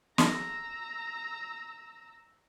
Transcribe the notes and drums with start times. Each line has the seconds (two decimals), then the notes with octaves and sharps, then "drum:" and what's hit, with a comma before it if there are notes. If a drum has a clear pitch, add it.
0.18 A#5 E6, drum: snare